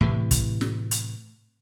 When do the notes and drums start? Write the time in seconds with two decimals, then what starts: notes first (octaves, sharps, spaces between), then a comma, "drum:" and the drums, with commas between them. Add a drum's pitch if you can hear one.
0.01 A2 C3 E3
0.31 drum: kick, hi-hat
0.61 drum: snare
0.91 drum: hi-hat